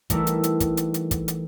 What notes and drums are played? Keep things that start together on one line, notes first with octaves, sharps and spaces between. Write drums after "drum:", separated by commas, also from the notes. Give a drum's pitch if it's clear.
E3 G3 A3 D#4 E4 A#4, drum: kick, hi-hat
drum: hi-hat
drum: hi-hat
drum: kick, hi-hat
drum: hi-hat
drum: hi-hat
drum: kick, hi-hat
drum: hi-hat